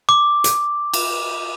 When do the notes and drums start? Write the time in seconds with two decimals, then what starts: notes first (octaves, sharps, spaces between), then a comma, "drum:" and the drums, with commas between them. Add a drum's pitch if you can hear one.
0.09 D6
0.44 drum: hi-hat
0.94 drum: cymbal